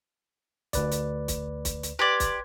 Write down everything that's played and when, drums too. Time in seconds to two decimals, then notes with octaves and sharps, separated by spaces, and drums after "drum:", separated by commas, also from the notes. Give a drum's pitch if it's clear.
0.73 D2 B4 D5, drum: kick, hi-hat
0.92 drum: hi-hat
1.28 drum: kick, hi-hat
1.65 drum: kick, hi-hat
1.83 drum: hi-hat
1.99 G4 B4 D5 C6 G#6
2.20 drum: kick, hi-hat